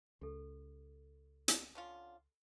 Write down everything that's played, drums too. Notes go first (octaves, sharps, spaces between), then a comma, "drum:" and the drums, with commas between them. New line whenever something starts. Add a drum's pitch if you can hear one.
C#2 G4 A4
drum: hi-hat
D3 C#4 F4